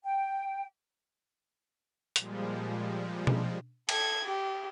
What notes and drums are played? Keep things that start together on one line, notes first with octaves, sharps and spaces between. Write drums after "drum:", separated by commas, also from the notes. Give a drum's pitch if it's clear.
G5
A#2 F3 G3 G#3, drum: hi-hat
drum: tom B2
A4 G#6, drum: cymbal
G4